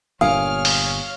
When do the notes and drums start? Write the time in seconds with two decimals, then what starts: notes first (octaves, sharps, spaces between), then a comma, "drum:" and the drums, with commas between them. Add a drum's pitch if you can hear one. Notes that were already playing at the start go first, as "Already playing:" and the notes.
0.21 G1 G2 A#2 C#5 F5 G#5 D#6 F6
0.65 drum: open hi-hat